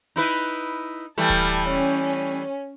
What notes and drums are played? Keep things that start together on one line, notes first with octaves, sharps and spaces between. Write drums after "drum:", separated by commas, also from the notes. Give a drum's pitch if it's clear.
D#4 E4 B4
drum: hi-hat
E3 G3 A3 A5
drum: kick D1
C#4
drum: hi-hat